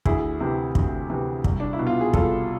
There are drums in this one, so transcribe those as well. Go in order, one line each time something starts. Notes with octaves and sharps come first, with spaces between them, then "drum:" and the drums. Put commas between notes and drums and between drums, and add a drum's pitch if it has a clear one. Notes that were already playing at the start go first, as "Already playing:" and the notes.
D2 E4 G#4, drum: kick
C3 E3
D2, drum: kick
C3 E3
C2, drum: kick
D4
E4
B2
F4
G#4
C2 F4 A4, drum: kick